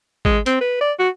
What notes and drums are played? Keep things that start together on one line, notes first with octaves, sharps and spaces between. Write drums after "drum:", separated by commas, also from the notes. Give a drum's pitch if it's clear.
G#3, drum: kick G#1
C4, drum: hi-hat
B4
D5
F#4